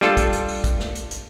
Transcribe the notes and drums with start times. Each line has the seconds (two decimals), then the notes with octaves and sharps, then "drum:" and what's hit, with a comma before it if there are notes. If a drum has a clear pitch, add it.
0.01 G3 D4 F4 A4, drum: snare
0.17 drum: kick, hi-hat
0.33 drum: hi-hat
0.48 drum: open hi-hat
0.64 drum: kick, hi-hat
0.80 drum: snare
0.95 drum: hi-hat
1.11 drum: hi-hat